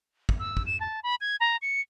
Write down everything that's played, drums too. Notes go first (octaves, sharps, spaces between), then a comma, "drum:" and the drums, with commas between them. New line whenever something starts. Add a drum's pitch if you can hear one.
drum: kick
E6
drum: kick
E7
A5
B5
G#6
A#5
C#7